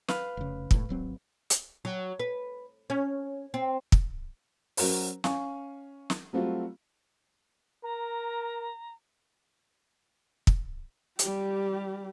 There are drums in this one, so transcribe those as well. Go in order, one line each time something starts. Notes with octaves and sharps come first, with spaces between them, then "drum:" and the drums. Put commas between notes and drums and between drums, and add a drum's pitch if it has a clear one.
B4 F5, drum: snare
F1 C#3
E1 A2, drum: kick
G#1 F#3 C4
drum: hi-hat
F#3
B4
C#4
C4
drum: kick
F#3 C#4 F#4 A#4 C5, drum: open hi-hat
C#4 F5 G#5 C#6, drum: snare
drum: snare
F#3 G3 A3 C4 F4 F#4
A#4 A#5
drum: kick
G3 G4, drum: hi-hat